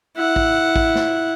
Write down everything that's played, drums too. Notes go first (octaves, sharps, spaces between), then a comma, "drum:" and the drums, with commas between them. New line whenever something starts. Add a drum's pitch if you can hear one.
E4 F#5
drum: kick
drum: kick
drum: snare